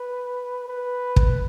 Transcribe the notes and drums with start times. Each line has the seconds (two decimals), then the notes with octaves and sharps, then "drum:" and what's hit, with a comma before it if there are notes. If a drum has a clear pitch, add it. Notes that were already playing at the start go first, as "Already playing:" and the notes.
Already playing: B4
0.68 B4
1.16 drum: kick